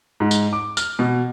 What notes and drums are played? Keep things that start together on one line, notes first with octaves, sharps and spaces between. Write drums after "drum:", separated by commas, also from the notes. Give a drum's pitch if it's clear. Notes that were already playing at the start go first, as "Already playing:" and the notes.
G#2
drum: tambourine
D6
F6, drum: tambourine
B2